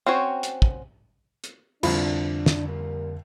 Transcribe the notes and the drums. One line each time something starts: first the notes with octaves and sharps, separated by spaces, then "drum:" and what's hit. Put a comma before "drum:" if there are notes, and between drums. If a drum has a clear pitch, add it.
C4 C#4 F#4 C5 C#5
drum: hi-hat
drum: kick
drum: hi-hat
C2 F2 D3 F3 D4 B5, drum: cymbal
drum: snare
G3 A#3 A#4